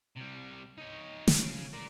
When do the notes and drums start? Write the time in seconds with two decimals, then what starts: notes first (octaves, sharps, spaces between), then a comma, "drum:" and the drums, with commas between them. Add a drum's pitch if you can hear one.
0.17 C3 G3
0.78 D#4 C#5
1.28 drum: snare
1.38 C#3 C#4
1.73 A#4 D5